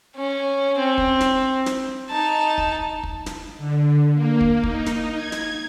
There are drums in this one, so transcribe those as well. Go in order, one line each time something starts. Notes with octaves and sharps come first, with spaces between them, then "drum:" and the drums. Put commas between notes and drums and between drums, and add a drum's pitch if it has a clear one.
C#4
C4
drum: kick
drum: snare
drum: snare
D#4 A5
drum: kick
drum: kick
drum: snare
D3
A#3
drum: kick
D#4, drum: kick
drum: snare
G#6
drum: snare